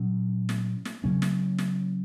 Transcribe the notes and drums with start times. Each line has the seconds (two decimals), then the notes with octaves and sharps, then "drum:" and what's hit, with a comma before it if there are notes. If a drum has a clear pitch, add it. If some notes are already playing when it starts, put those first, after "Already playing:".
Already playing: A#2 F#3 C#4
0.49 drum: snare
0.85 drum: snare
1.04 C#3 F#3 A#3 C#4
1.22 drum: snare
1.58 drum: snare